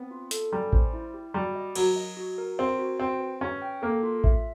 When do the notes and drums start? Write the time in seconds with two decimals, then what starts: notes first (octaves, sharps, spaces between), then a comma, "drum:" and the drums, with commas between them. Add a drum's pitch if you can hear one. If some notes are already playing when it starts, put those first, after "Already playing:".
Already playing: B3 C4
0.11 F4
0.31 A4, drum: hi-hat
0.52 G3 C#4
0.73 C5, drum: kick A1
0.93 E4
1.14 G4
1.34 G3 F#4
1.55 D#5
1.75 F#3 A#4, drum: cymbal
1.96 D#5
2.17 F#4
2.38 A#4
2.58 C4 A#4
2.79 F#4
2.99 C4 G5
3.20 B4
3.41 C#4 B4
3.62 G5
3.82 A#3 A4
4.03 F4
4.24 E5, drum: kick A1